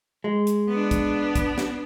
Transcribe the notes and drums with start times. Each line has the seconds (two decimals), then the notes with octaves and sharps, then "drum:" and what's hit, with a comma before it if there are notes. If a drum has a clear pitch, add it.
0.24 G#3
0.47 drum: hi-hat
0.69 B3 D4
0.91 drum: kick, hi-hat
1.36 drum: kick, hi-hat
1.58 drum: snare